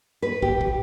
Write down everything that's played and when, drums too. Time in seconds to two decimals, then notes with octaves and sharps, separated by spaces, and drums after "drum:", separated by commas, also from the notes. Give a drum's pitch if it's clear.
0.22 B4
0.42 G4, drum: kick
0.61 drum: kick